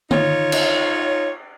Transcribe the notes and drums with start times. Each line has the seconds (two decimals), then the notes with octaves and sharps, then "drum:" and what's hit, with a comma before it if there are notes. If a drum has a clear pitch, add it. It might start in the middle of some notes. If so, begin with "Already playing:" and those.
0.11 D#4 F4 C#5, drum: tom
0.52 drum: cymbal